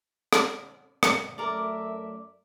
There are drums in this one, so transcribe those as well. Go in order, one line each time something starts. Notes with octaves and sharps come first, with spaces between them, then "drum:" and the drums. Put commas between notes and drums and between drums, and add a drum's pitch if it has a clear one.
drum: rim click
drum: rim click
F#2 A3 A#4 D5 E5